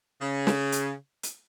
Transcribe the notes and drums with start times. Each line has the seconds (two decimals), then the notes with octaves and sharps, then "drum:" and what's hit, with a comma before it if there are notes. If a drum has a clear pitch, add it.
0.21 C#3
0.47 drum: snare
0.72 drum: hi-hat
1.23 drum: hi-hat